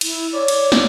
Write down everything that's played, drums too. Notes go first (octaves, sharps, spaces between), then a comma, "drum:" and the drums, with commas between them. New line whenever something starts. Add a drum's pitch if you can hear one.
E4, drum: cymbal
C#5 D5
drum: cymbal
drum: snare